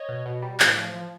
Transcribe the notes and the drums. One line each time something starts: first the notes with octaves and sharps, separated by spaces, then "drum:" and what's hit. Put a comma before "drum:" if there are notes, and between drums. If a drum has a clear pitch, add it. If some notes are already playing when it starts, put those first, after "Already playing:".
Already playing: C#5 D#5
B2
B2
G3
A2, drum: clap
F3
F3